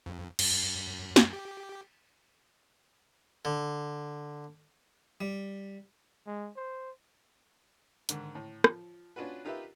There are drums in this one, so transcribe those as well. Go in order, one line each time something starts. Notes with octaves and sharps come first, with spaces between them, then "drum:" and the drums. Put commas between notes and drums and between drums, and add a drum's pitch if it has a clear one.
F2
F#2, drum: cymbal
drum: snare
G4
D3
G3
G#3
C5
G#2 D3 D#3, drum: hi-hat
A2
F3, drum: rim click
C#4 D4 F4 F#4 B4
D#4 F4 G4 A#4 B4 E5